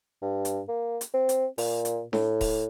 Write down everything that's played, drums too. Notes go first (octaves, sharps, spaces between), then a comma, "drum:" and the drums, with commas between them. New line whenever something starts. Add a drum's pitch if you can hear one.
G2
drum: hi-hat
A#3
drum: hi-hat
C4
drum: hi-hat
A#2, drum: open hi-hat
drum: hi-hat
A2, drum: snare D4
drum: kick D#1, open hi-hat